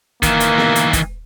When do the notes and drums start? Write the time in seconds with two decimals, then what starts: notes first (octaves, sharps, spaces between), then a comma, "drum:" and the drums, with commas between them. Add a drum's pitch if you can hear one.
0.23 D#3 E3 A#3, drum: kick, hi-hat
0.40 drum: hi-hat
0.58 drum: snare B3
0.76 drum: hi-hat
0.93 drum: kick, hi-hat